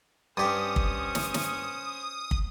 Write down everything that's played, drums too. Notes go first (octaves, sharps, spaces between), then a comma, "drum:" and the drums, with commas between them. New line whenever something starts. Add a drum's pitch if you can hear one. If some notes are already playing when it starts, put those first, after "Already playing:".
G2 C#4 G4 C5 D#6
drum: kick
drum: snare
drum: snare
drum: kick